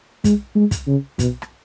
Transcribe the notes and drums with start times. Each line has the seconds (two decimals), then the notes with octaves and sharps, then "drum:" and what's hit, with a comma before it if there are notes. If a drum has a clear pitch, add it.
0.24 G#3, drum: kick, hi-hat
0.55 G#3
0.71 drum: kick, hi-hat
0.87 C#3
1.19 B2, drum: kick, hi-hat
1.42 drum: rim click